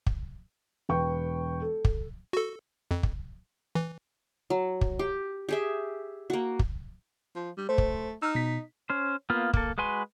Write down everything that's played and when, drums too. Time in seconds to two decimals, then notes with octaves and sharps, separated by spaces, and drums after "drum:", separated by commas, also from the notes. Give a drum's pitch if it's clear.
0.06 drum: kick
0.89 E1 B4 G5 C#6
1.62 A4
1.85 drum: kick
2.33 F#4 A4
2.91 F2
3.03 drum: kick
3.75 E3
4.50 F#3
4.81 drum: kick
4.99 G4
5.49 G4 G#4 E5
6.30 A#3 F#4
6.59 drum: kick
7.35 F3
7.57 G3
7.69 A3 C5
7.78 drum: kick
8.22 D#4 E6 F6
8.35 B2 B6
8.90 C#4 C5
9.30 A#3 B3 F4
9.53 A#3 A4, drum: kick
9.78 G#3 F#4 B4 G#5 C6